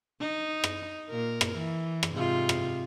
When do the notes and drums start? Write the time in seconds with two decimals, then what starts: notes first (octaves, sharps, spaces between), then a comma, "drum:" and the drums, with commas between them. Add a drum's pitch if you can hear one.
0.20 D#4
0.64 drum: rim click
1.10 A#2 A#4
1.41 drum: rim click
1.56 E3
2.03 drum: rim click
2.14 G#2 C3 F4
2.49 drum: rim click